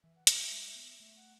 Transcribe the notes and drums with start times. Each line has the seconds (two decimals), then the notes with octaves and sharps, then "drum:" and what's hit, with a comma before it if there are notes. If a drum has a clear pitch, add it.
0.03 E3 E5
0.15 F#5
0.27 F#3 E5, drum: hi-hat
0.52 G#3
0.76 B3
1.00 A3 E5
1.16 F#5